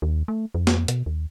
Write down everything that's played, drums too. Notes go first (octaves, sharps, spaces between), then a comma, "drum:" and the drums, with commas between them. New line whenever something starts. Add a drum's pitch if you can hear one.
D#2
A3
F2
drum: snare
B2, drum: hi-hat
D#2